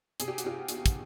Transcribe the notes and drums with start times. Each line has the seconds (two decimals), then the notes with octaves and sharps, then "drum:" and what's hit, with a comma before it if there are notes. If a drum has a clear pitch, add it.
0.20 C3 G#4, drum: hi-hat
0.28 G4
0.38 F#4, drum: hi-hat
0.44 C3 F4 G4
0.68 E2 F#4 G#4, drum: hi-hat
0.86 drum: kick, hi-hat